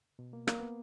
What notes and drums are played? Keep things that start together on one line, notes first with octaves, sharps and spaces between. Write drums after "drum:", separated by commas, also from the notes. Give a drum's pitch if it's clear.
B2
A#3
A#3, drum: rim click
B3